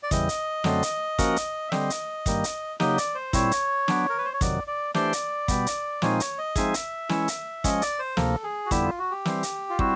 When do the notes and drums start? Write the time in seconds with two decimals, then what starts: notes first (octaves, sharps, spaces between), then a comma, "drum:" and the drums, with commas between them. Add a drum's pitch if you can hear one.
0.03 D5
0.11 E2 C#3 E3 G3 D#5, drum: kick, hi-hat
0.29 drum: hi-hat
0.64 F#2 D3 F#3 A3 C4, drum: snare
0.83 drum: hi-hat
1.19 F3 A#3 C#4 F#4 A#4, drum: kick, hi-hat
1.36 drum: hi-hat
1.68 E5
1.72 D3 G3 C4 D#5, drum: snare
1.90 drum: hi-hat
2.26 G2 D#3 G3 A#3, drum: kick, hi-hat
2.44 drum: hi-hat
2.80 C#3 F#3 A#3 D#4 G4 D#5, drum: snare
2.98 D5, drum: hi-hat
3.15 C5
3.33 A#2 G3 C4 E4 C#5, drum: kick, hi-hat
3.51 drum: hi-hat
3.88 F#3 B3 D4, drum: snare
4.09 A#4
4.18 B4
4.25 C5
4.34 C#5
4.41 F2 C3 D#3 F#3 D5, drum: kick, hi-hat
4.67 D5
4.94 E3 A3 D4 G4 C5 D5, drum: snare
5.13 drum: hi-hat
5.48 B2 G3 B3, drum: kick, hi-hat
5.66 drum: hi-hat
6.02 A#2 F3 G#3 C4 D#4 C#5, drum: snare
6.20 C#5, drum: hi-hat
6.38 D#5
6.56 F3 G#3 C4 D#4 G#4 E5, drum: kick, hi-hat
6.74 drum: hi-hat
7.09 E3 G#3 C#4 E4, drum: snare
7.28 drum: hi-hat
7.64 F3 G#3 C#4 D#5, drum: kick, hi-hat
7.82 D5, drum: hi-hat
7.99 C5
8.17 D2 C3 F3 A#3 A4, drum: snare
8.44 G#4
8.66 F#4
8.71 F2 D3 G3 B3 E4 G4, drum: kick, hi-hat
8.85 F4
8.99 F#4
9.11 G4
9.25 E3 G3 C4, drum: snare
9.43 drum: hi-hat
9.70 F4
9.79 G3 C4 E4 F#4, drum: kick